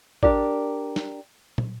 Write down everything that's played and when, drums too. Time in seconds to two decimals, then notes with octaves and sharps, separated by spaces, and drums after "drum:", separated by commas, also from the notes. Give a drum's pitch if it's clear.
0.23 D4 G4 A#4 D5, drum: kick A1
0.96 drum: snare
1.58 drum: tom